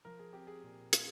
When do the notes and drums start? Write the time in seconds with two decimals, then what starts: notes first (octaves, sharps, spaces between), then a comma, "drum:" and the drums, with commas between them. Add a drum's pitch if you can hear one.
0.05 F3 A#4
0.19 G#4
0.33 C4 G4
0.47 G#4
0.63 A#2
0.93 F4, drum: hi-hat